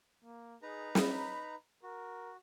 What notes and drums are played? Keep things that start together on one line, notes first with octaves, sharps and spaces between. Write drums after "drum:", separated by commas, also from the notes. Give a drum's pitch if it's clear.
A#3
D#4 G#4 B4 A#5
B5, drum: snare
F#4 A#4